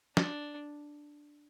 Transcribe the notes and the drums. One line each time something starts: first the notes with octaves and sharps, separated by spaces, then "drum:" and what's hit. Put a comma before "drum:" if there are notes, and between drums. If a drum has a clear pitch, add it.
D4, drum: snare